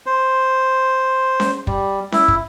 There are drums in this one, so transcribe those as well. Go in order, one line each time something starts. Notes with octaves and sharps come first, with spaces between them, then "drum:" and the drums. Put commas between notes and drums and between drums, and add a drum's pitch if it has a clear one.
C5
drum: snare C#4
G3, drum: kick
E4, drum: snare C#4
drum: kick